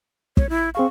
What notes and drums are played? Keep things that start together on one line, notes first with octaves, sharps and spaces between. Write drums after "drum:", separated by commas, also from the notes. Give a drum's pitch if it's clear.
C#5, drum: kick
E4
C4 G#4 F5 C#6